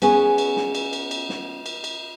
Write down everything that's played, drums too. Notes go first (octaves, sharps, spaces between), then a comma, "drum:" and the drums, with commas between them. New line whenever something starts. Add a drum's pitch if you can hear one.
B3 C#4 G#4 C#5, drum: cymbal
drum: cymbal
drum: snare
drum: cymbal
drum: cymbal
drum: cymbal
drum: snare
drum: cymbal
drum: cymbal